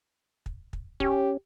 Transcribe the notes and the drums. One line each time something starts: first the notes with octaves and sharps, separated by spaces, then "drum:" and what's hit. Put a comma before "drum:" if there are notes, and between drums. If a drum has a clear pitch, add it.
drum: kick
drum: kick
C#4 G4, drum: kick